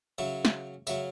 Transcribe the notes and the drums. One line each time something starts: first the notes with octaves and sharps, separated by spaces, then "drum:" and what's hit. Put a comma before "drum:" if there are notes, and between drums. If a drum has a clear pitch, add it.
C#3 F#3 C#4 E5
drum: snare
C#3 F#3 C#4 E5, drum: tambourine